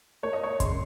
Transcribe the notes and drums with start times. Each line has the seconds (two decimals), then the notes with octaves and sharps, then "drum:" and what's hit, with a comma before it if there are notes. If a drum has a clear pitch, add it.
0.23 A#3 C#5
0.33 D#5
0.43 C#5
0.60 C#3 C6, drum: kick, hi-hat